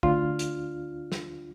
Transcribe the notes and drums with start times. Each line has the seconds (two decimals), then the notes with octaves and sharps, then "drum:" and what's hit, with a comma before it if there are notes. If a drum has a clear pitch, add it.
0.03 D2 D4 F4 F6, drum: kick
0.39 drum: hi-hat
1.12 drum: snare